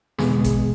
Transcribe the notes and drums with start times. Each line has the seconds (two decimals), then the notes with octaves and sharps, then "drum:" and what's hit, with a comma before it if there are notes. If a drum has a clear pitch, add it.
0.18 E2 B2 G#3 B3 G#4, drum: snare
0.44 drum: kick A1, hi-hat